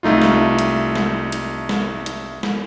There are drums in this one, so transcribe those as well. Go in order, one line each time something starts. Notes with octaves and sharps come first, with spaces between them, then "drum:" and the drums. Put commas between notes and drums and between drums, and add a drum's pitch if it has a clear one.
C2 A3 D#4 F4
drum: snare
drum: hi-hat
drum: snare
drum: hi-hat
drum: snare
drum: hi-hat
drum: snare